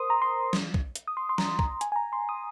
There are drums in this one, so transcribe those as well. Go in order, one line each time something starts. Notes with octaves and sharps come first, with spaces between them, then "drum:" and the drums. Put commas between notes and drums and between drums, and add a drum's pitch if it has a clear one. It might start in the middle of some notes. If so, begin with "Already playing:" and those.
Already playing: A#4 C5 C6 D#6
A#5
C6
drum: snare
drum: kick
drum: hi-hat
D#6
C6
C6
A#5, drum: snare
A#5, drum: kick
G#5, drum: hi-hat
G#5
A#5
C6
D#6